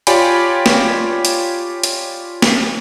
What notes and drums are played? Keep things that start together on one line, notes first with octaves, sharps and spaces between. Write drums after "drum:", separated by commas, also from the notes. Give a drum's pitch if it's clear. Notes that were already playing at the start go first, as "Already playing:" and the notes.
F4 G4 C#5 D5 G#5 B5, drum: hi-hat
drum: snare
drum: hi-hat
drum: hi-hat
drum: snare